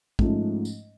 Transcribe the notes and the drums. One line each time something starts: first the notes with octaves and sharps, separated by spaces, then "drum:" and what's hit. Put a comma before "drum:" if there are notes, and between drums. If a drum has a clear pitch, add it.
G#2 F3 A3 C#4, drum: kick
drum: tambourine